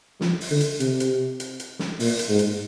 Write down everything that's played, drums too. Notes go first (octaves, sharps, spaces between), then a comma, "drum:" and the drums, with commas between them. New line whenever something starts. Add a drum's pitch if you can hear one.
F3, drum: snare
drum: open hi-hat
D3
drum: hi-hat
C3, drum: hi-hat
drum: hi-hat
drum: hi-hat
drum: hi-hat
drum: snare
A#2, drum: open hi-hat
drum: hi-hat
G#2
drum: hi-hat